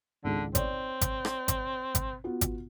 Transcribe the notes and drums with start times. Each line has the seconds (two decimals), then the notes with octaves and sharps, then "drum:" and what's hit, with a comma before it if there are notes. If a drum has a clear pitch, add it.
0.24 G#1 C#2 D3
0.55 C4 C#5 D5, drum: kick G#1, hi-hat
1.01 drum: kick G#1, hi-hat
1.25 drum: rim click
1.48 drum: kick G#1, hi-hat
1.95 drum: kick G#1, hi-hat
2.24 B3 F4 F#4
2.41 drum: kick G#1, hi-hat